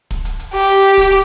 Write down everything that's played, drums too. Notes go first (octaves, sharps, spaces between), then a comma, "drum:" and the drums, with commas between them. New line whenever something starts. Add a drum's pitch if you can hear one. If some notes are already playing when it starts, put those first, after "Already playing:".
drum: kick, hi-hat
drum: hi-hat
drum: hi-hat
G4, drum: hi-hat
drum: hi-hat
drum: hi-hat
drum: kick, hi-hat